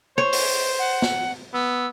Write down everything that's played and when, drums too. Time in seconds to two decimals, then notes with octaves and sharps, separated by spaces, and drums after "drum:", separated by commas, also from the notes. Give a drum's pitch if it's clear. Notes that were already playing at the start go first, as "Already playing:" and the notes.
0.18 C5 C#5
0.33 drum: open hi-hat
0.79 F#5
1.02 drum: snare
1.54 B3 E6